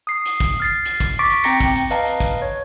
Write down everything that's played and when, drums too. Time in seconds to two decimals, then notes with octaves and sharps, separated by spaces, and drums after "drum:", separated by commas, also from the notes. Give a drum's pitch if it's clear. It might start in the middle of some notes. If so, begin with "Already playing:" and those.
0.07 D#6 C7
0.25 drum: hi-hat
0.40 drum: kick, hi-hat
0.60 F6 A6 C7
0.85 drum: hi-hat
1.00 drum: kick, hi-hat
1.19 C#6 D6 A6 B6 D7
1.30 drum: hi-hat
1.44 C4 G5 A#5 A#6 C#7, drum: hi-hat
1.60 drum: kick, hi-hat
1.75 drum: hi-hat
1.90 B4 D#5 F5 A5 A#5, drum: hi-hat
2.05 drum: hi-hat
2.20 drum: kick, hi-hat
2.42 C#5